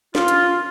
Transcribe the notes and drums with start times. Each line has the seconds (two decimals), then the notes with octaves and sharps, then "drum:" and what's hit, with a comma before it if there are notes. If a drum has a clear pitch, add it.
0.15 F4, drum: snare
0.28 drum: hi-hat